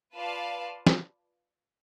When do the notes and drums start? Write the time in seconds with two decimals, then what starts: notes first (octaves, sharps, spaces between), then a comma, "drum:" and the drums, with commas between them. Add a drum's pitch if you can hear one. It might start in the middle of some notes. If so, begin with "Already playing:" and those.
0.14 F4 B4 D5 F5 A5
0.87 drum: snare